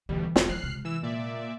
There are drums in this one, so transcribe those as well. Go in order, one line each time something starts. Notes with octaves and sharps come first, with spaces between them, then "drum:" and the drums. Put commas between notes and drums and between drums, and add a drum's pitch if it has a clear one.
D2 B2 E3 G3
E1 F4, drum: snare
F3 F6 F#6 C7
C3 G#3
E3 E6 E7
A#2 D5 E5